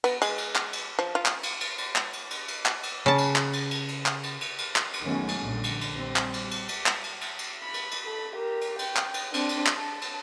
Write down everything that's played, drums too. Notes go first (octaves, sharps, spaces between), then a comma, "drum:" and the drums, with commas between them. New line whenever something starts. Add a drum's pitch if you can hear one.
B3, drum: cymbal
G#3, drum: cymbal
drum: cymbal
drum: clap
drum: cymbal
F3
F4
drum: clap
drum: cymbal
drum: cymbal
drum: cymbal
drum: clap
drum: cymbal
drum: cymbal
drum: cymbal
drum: clap
drum: cymbal
C#3 A5
drum: cymbal
drum: clap
drum: cymbal
drum: cymbal
drum: cymbal
drum: clap
drum: cymbal
drum: cymbal
drum: cymbal
drum: clap
drum: cymbal
D#3 F#3 G#3 A3 B3 C#4
drum: cymbal
A#1 A#2 D3 G3
drum: cymbal
drum: cymbal
G3 C4
drum: clap
drum: cymbal
drum: cymbal
drum: cymbal
drum: clap
drum: cymbal
drum: cymbal
drum: cymbal
B5
drum: cymbal
drum: cymbal
A4 B5
G4 A#4
drum: cymbal
G5, drum: cymbal
drum: clap
drum: cymbal
C4 D4, drum: cymbal
drum: cymbal
drum: clap
A5
drum: cymbal